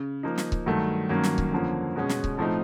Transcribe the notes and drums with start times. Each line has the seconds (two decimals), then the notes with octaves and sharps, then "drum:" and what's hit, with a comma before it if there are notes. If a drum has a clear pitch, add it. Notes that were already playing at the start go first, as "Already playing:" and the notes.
Already playing: C#3
0.23 F3 A#3 D#4
0.38 drum: snare
0.52 drum: kick C#1
0.66 G2 D#3 F#3 A3
1.09 G2 D#3 F#3 A#3 C#4
1.23 drum: snare
1.38 drum: kick C#1
1.52 F2 D3 F3 A#3 C#4
1.96 B2 G#3 C#4
2.09 drum: snare
2.24 drum: kick C#1
2.38 A2 F3 A3 C4 D#4